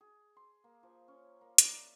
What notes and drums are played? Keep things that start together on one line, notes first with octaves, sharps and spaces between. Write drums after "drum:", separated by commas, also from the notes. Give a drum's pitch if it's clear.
G#4
C6
A#3
F3
C#4
A#3
D5, drum: hi-hat
E5